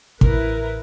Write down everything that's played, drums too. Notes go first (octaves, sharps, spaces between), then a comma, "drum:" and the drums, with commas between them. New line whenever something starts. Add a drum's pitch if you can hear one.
A1 E4 A#4 B4, drum: kick